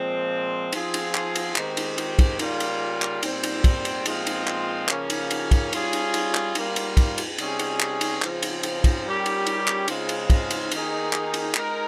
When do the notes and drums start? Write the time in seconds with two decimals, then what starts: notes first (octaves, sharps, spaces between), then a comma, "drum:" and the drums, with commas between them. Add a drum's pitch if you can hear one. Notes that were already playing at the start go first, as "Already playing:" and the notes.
Already playing: A#2 F3 G#3 C4
0.72 F3 C4 F4 G#4, drum: cymbal
0.94 drum: cymbal
1.15 drum: clap
1.35 drum: cymbal
1.56 D#3 G#3 C4 D#4 G4, drum: clap
1.77 drum: cymbal
1.98 drum: cymbal
2.19 drum: kick, cymbal
2.39 C#3 G3 A#3 F4, drum: cymbal
2.60 drum: cymbal
3.02 drum: clap
3.23 A#2 G3 C4, drum: cymbal
3.43 drum: cymbal
3.64 drum: kick, cymbal
3.85 drum: cymbal
4.06 A#2 F3 G#3 C4 F4, drum: cymbal
4.27 drum: cymbal
4.47 drum: clap
4.88 C#3 F3 A#3 C#4, drum: clap
5.10 drum: cymbal
5.31 drum: cymbal
5.51 drum: kick, cymbal
5.73 G3 C#4 F4 G#4, drum: cymbal
5.93 drum: cymbal
6.14 drum: cymbal
6.35 drum: clap
6.55 G3 A#3 F4, drum: cymbal
6.76 drum: cymbal
6.97 drum: kick, cymbal
7.18 drum: cymbal
7.38 C3 G3 C#4 G#4, drum: cymbal
7.59 drum: cymbal
7.80 drum: clap
8.01 drum: cymbal
8.22 C#3 F3 C4, drum: clap
8.43 drum: cymbal
8.63 drum: cymbal
8.84 drum: kick, cymbal
9.05 G3 C#4 G4 A#4
9.26 drum: cymbal
9.47 drum: cymbal
9.67 drum: clap
9.88 C#3 G#3 C4 F4, drum: cymbal
10.09 drum: cymbal
10.30 drum: kick, cymbal
10.50 drum: cymbal
10.71 D#3 A#3 D#4 G#4, drum: cymbal
11.13 drum: clap
11.34 drum: cymbal
11.54 G#3 D#4 A#4, drum: clap